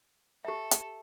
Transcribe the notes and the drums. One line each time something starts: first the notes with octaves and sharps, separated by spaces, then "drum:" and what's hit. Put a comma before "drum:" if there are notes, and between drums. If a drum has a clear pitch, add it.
G4 A4 E5
drum: hi-hat